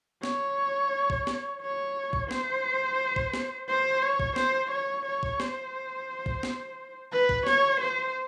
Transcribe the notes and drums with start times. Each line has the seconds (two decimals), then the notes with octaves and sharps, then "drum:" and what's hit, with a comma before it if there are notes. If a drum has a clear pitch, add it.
0.23 C#5, drum: snare
1.10 drum: kick
1.27 drum: snare
1.61 C#5
2.13 drum: kick
2.31 C5, drum: snare
3.16 drum: kick
3.34 drum: snare
3.68 C5
4.02 C#5
4.20 drum: kick
4.36 C5, drum: snare
4.71 C#5
5.06 C#5
5.23 drum: kick
5.40 C5, drum: snare
6.26 drum: kick
6.43 drum: snare
7.12 B4
7.29 drum: kick
7.47 C#5, drum: snare
7.80 C5